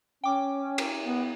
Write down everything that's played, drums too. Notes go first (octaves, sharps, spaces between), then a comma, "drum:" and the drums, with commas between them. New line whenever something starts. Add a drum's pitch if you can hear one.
C#4 G5 D6
drum: cymbal
B3